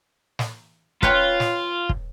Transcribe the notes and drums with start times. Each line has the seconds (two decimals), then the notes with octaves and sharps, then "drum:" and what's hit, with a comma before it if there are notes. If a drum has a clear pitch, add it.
0.39 drum: snare
1.03 F4 B4 C#5 G5, drum: kick
1.40 drum: snare
1.89 drum: kick